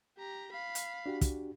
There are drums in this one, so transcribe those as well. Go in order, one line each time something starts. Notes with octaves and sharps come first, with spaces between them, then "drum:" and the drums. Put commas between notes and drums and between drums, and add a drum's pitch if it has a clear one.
G4 A#5
F5 B5
drum: hi-hat
D4 F#4 G4
drum: kick, hi-hat